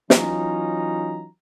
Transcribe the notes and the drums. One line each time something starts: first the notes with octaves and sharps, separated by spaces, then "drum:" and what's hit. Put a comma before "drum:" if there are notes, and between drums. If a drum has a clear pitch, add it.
E3 F#3 C#4 D#4 F4 A#5, drum: snare